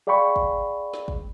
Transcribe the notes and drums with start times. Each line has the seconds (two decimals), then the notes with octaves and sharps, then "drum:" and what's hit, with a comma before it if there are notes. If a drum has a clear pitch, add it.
0.07 G#4 D5 F5 G5 B5 C#6
0.36 drum: kick
0.94 drum: snare
1.08 drum: kick